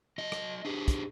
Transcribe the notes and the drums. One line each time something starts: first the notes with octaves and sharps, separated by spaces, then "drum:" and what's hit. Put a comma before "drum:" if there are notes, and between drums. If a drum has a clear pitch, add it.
F#3 D#5
drum: rim click
D4 G4 G#4
drum: kick, hi-hat